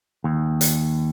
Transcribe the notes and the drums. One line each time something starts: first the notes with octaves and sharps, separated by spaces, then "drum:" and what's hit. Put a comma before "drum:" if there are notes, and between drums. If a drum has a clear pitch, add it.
D#2
drum: hi-hat